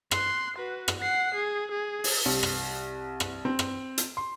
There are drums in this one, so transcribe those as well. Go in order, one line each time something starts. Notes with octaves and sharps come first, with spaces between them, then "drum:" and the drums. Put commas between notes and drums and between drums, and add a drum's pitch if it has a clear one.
C6 F#6, drum: rim click
F#4 B4
drum: rim click
F#5 C7
G#4
G#4
drum: open hi-hat
C2
drum: rim click
drum: rim click
C4
drum: rim click
drum: hi-hat
C6